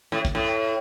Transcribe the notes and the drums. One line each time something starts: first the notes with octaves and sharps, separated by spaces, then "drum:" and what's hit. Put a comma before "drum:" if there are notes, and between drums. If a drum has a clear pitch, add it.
A2
drum: kick
A2